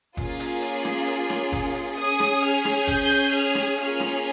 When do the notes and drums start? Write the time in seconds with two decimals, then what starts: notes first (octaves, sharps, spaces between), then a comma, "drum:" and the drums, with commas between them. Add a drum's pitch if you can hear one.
0.17 A#3 C#4 F4 G#4, drum: kick G1, hi-hat
0.40 drum: hi-hat
0.62 drum: hi-hat
0.85 drum: rim click
1.07 drum: hi-hat
1.30 drum: rim click
1.52 drum: kick G1, hi-hat
1.75 drum: hi-hat
1.97 C#4 G#4 D#6, drum: hi-hat
2.20 drum: rim click
2.42 F6, drum: hi-hat
2.65 drum: rim click
2.88 G6, drum: kick G1, hi-hat
3.10 drum: hi-hat
3.32 F6, drum: hi-hat
3.55 drum: rim click
3.78 A#3 C#4 F4 G#4 F6, drum: hi-hat
4.00 drum: rim click